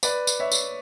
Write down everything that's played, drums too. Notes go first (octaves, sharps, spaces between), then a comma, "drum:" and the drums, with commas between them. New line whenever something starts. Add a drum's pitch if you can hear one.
B4 D5, drum: tambourine
drum: tambourine
C#5 E5
drum: tambourine